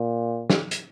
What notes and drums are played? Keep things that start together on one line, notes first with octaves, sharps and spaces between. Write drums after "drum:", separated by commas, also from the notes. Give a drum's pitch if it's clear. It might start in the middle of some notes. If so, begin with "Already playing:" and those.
Already playing: A#2
drum: snare
drum: hi-hat